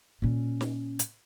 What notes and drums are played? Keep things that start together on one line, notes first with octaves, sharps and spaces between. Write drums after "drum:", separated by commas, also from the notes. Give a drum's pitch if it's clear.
A#2 C#4
drum: snare
drum: hi-hat